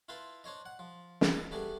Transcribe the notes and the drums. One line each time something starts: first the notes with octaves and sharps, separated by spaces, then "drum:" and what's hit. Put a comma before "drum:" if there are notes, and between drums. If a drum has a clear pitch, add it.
E4 F4 B4 A5 C6
D4 C5 C#5 D#5
F#5
F3
drum: snare
E5 G#5 A5
G3 A3 B3 D4 G#4